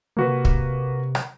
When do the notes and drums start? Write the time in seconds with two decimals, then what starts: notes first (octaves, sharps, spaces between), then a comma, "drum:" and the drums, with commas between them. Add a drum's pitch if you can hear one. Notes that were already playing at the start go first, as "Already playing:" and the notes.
0.17 C3 A#3 F#4 B4
0.45 drum: kick
1.15 drum: rim click